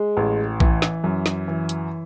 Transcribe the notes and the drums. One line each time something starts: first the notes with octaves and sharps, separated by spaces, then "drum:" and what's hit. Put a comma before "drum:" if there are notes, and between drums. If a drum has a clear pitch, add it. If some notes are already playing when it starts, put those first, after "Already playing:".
Already playing: G#3
A1
E3, drum: kick A#1
drum: snare
F#2
drum: snare
E3
drum: hi-hat